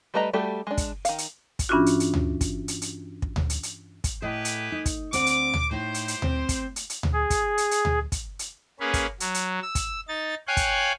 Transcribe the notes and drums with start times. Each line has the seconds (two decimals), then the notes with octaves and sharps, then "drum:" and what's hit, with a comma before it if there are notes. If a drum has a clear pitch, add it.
0.14 G3 A3 B4 D#5 A#5
0.33 G3 A3 F#4 G4 A4
0.67 G#3 D4
0.78 drum: kick, hi-hat
1.05 D#3 F5, drum: hi-hat
1.18 drum: hi-hat
1.59 drum: kick, hi-hat
1.69 G2 E3 C#4 D4 F4 F#4
1.86 drum: hi-hat
2.00 drum: hi-hat
2.14 drum: tom D2
2.41 drum: kick, hi-hat
2.68 drum: hi-hat
2.82 drum: hi-hat
3.22 drum: kick
3.36 drum: tom D2
3.50 drum: hi-hat
3.63 drum: hi-hat
4.04 drum: kick, hi-hat
4.22 A2 G4 G#4 B4 D#5
4.45 drum: hi-hat
4.72 D#4
4.86 drum: kick, hi-hat
5.13 D2 C4 F#5 D6, drum: hi-hat
5.26 drum: hi-hat
5.54 drum: tom D2
5.71 A2 D#4 G4 C5
5.94 drum: hi-hat
6.08 drum: hi-hat
6.22 C4, drum: tom D2
6.49 drum: kick, hi-hat
6.76 drum: hi-hat
6.90 drum: hi-hat
7.03 drum: tom D2
7.13 G#4
7.30 drum: kick, hi-hat
7.58 drum: hi-hat
7.71 drum: hi-hat
7.85 drum: tom D2
8.12 drum: kick, hi-hat
8.39 drum: hi-hat
8.80 A#3 C#4 G#4 B4
8.94 drum: kick, hi-hat
9.20 F#3, drum: hi-hat
9.34 drum: hi-hat
9.62 E6
9.75 drum: kick, hi-hat
10.08 D#4 A6
10.48 C#5 F5 G5 G#5 F#6
10.57 drum: kick, hi-hat